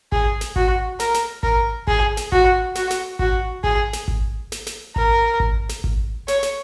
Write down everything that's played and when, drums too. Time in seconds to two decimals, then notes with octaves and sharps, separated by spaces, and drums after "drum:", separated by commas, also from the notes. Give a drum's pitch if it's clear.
0.12 G#4, drum: kick G#1
0.41 drum: snare
0.56 F#4, drum: kick G#1
1.00 A#4, drum: snare
1.14 drum: snare
1.43 A#4, drum: kick G#1
1.88 G#4, drum: kick G#1
2.17 drum: snare
2.32 F#4, drum: kick G#1
2.75 F#4, drum: snare
2.90 drum: snare
3.19 F#4, drum: kick G#1
3.64 G#4, drum: kick G#1
3.93 drum: snare
4.08 drum: kick G#1
4.52 drum: snare
4.67 drum: snare
4.96 A#4, drum: kick G#1
5.40 drum: kick G#1
5.69 drum: snare
5.84 drum: kick G#1
6.28 C#5, drum: snare
6.43 drum: snare